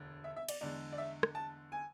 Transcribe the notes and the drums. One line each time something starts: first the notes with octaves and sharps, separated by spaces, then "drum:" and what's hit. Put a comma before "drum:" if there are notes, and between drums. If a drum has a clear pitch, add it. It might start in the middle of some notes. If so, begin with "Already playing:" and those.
Already playing: E1 D2 D3
E5
E5
D5, drum: cymbal
E2 D3 G#3 D5
D5
E5
drum: rim click
A5
G#5